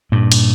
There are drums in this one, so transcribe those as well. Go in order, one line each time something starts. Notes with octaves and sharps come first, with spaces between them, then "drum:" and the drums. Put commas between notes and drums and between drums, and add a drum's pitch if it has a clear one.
G2 A#2
drum: cymbal